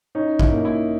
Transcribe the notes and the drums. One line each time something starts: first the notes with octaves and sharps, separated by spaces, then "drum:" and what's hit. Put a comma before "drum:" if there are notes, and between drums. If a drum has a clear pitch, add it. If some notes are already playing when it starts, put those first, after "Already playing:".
C#4 D#4
E4, drum: kick
A#3
E4